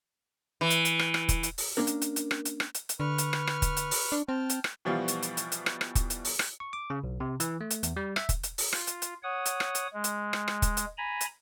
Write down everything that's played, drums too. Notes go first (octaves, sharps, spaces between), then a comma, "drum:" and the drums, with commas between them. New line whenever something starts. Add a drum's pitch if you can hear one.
E3
drum: hi-hat
drum: hi-hat
drum: rim click
drum: rim click
drum: kick, hi-hat
drum: hi-hat
drum: open hi-hat
A#3 C#4 D4 A#4
drum: hi-hat
drum: hi-hat
drum: hi-hat
drum: rim click
drum: hi-hat
drum: rim click
drum: hi-hat
drum: hi-hat
D3 B4 C#6 F6
drum: hi-hat
drum: rim click
drum: rim click
drum: kick, hi-hat
drum: hi-hat
drum: open hi-hat
D4
C4 G5 A5 F6
drum: hi-hat
drum: rim click
B2 E3 F3 G3 B3 F4
drum: hi-hat
drum: hi-hat
drum: hi-hat
drum: hi-hat
drum: rim click
drum: rim click
drum: kick, hi-hat
drum: hi-hat
drum: open hi-hat
drum: rim click
C#6
D6
C#3
B1
C3
E3, drum: hi-hat
A3
drum: hi-hat
E2, drum: hi-hat
G3
E5, drum: rim click
drum: kick, hi-hat
drum: hi-hat
drum: open hi-hat
F4, drum: rim click
drum: hi-hat
drum: hi-hat
C#5 F#5 D#6
drum: hi-hat
drum: rim click
drum: hi-hat
G#3
drum: hi-hat
drum: rim click
drum: rim click
drum: kick, hi-hat
drum: hi-hat
G#5 A#5 B5
drum: hi-hat